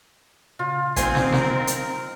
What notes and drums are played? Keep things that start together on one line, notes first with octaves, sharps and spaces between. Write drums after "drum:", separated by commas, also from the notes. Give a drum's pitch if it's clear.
C#3 F4
C4 D#4 C5 F5 G#5, drum: kick, hi-hat
drum: snare
A#4, drum: snare
drum: hi-hat